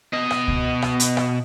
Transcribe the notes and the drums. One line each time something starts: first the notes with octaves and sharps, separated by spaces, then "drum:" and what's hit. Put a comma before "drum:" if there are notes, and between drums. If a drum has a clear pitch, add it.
B2 D#5
drum: rim click
drum: kick C#2
drum: rim click
drum: hi-hat
drum: rim click